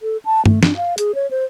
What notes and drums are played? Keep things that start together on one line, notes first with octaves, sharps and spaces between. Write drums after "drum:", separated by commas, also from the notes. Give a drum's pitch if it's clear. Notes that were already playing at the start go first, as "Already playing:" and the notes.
A4
A5
A3, drum: tom G2
D4, drum: snare
F5
G#4, drum: hi-hat
C#5
C5